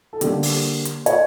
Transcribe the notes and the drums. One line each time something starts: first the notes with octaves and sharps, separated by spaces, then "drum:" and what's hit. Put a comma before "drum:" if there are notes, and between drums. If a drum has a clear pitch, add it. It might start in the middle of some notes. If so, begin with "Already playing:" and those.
A4
D3 G3 A#3 G4, drum: hi-hat
drum: open hi-hat
drum: hi-hat
C#5, drum: hi-hat